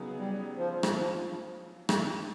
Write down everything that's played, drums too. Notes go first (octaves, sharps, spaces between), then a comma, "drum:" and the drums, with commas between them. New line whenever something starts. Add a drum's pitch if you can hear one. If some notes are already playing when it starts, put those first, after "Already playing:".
Already playing: C#3 F#3 B3 D#4 G#4
G3
F3
drum: rim click
F3
drum: rim click